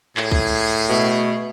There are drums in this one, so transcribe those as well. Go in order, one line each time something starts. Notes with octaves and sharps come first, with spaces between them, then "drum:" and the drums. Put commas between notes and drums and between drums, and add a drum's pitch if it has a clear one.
A2 G#4, drum: clap
drum: kick C2
B2 A3